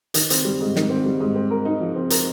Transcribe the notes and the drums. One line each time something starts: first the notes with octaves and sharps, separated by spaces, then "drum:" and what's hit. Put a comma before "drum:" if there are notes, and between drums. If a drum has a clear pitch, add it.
D#3, drum: hi-hat
C4, drum: hi-hat
G3
G#2
D#3, drum: snare
C4
G3
G#2
C4
A#4
D#4
F3
C4
A#4, drum: hi-hat